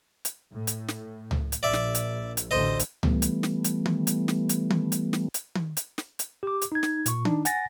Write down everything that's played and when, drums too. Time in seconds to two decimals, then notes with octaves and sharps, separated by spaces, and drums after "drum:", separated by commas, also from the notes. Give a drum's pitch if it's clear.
0.25 drum: hi-hat
0.53 A2
0.67 drum: hi-hat
0.88 drum: snare
1.31 drum: tom C#2
1.52 drum: hi-hat
1.63 A#1 D5 E5
1.73 drum: snare
1.95 drum: hi-hat
2.37 drum: hi-hat
2.51 A1 D2 D3 C5 D#5
2.79 drum: hi-hat
3.03 E3 G3 A3 B3, drum: tom C#2
3.22 drum: hi-hat
3.43 drum: snare
3.64 drum: hi-hat
3.86 drum: tom D#3
4.07 drum: hi-hat
4.28 drum: snare
4.49 drum: hi-hat
4.70 drum: tom D#3
4.92 drum: hi-hat
5.13 drum: snare
5.34 drum: hi-hat
5.55 drum: tom D#3
5.77 drum: hi-hat
5.98 drum: snare
6.19 drum: hi-hat
6.43 G4 D6
6.62 drum: hi-hat
6.72 D#4 G#6
6.83 drum: snare
7.06 A#2 C#6, drum: hi-hat
7.25 D4 D#4, drum: tom D#3
7.45 F#5 G#5 A6 A#6, drum: hi-hat